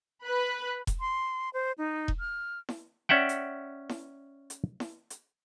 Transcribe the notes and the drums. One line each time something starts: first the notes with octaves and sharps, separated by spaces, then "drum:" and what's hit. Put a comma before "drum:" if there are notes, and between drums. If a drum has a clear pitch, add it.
B4 B5 F#6
drum: kick E1, hi-hat
C6
C5
D#4
drum: kick E1
F6
drum: snare E4
C#4 D5 E5 F#5 G5
drum: hi-hat
drum: snare E4
drum: hi-hat
drum: snare E4
drum: hi-hat